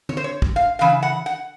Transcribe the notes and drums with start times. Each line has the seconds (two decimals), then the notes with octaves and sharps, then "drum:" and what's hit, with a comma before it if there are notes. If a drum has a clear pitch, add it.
0.09 C#5, drum: tom D3
0.17 C5
0.24 C#5
0.42 drum: kick
0.56 F5
0.79 C#3 E3 F5
1.03 F#5
1.26 F#5